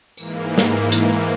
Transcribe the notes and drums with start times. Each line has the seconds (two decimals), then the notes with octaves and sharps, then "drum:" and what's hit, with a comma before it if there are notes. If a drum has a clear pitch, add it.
0.17 G#2 E3 A#3, drum: tambourine
0.58 drum: snare
0.92 drum: hi-hat